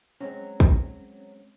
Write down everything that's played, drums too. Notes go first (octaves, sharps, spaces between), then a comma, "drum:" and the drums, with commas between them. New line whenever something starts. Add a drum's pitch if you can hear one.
F#3 G#3 C4 C#4
drum: kick